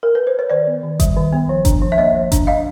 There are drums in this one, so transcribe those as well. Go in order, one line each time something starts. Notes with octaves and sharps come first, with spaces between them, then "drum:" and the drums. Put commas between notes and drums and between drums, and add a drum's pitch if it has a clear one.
A#4
B4
C5
C#5
D#3 C5 D5
B3
D#3
G3, drum: kick G1, hi-hat
D#3
B3
F3
D4, drum: kick G1, hi-hat
F3
E5
A#3 C#5 D#5
F3
D4, drum: kick G1, hi-hat
D4 D#5 F5